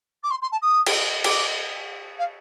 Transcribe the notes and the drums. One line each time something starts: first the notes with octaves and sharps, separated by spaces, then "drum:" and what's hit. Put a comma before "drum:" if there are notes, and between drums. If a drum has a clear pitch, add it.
D6
C6
C6
A5
D#6
drum: cymbal
D6, drum: cymbal
F5